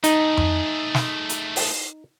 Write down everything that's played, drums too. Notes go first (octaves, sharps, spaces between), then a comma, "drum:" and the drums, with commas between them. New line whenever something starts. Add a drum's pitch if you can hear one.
A3 D#4 G#4, drum: hi-hat
drum: tom F2
drum: snare
drum: hi-hat
drum: open hi-hat